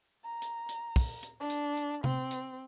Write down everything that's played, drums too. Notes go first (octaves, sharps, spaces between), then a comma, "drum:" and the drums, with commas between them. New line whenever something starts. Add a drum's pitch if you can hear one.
A#5
drum: hi-hat
drum: hi-hat
drum: kick, open hi-hat
drum: hi-hat
D4
drum: hi-hat
drum: hi-hat
C4, drum: tom C3
drum: hi-hat